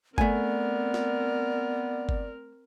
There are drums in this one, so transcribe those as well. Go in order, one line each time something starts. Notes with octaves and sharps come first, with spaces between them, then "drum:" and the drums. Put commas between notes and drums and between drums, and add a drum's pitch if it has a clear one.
A3 B3 C4 A#4 D5 G#5, drum: kick G1
drum: snare
drum: kick G1